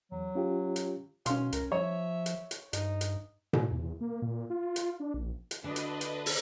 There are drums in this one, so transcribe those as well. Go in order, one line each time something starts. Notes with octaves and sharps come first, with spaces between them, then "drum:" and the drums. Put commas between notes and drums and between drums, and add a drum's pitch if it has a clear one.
E2 F#3
C#4 F4 G4
drum: hi-hat
B2 C#4 F5 C6, drum: hi-hat
C#2 A#4, drum: hi-hat
F3 C#5 E5
drum: hi-hat
drum: hi-hat
G2 D#4, drum: hi-hat
drum: hi-hat
A2, drum: tom B2
E2
A#3
A#2
F4
drum: hi-hat
D4
A#1
drum: hi-hat
D2 D3 D4 B4 D#5
drum: hi-hat
drum: hi-hat
drum: open hi-hat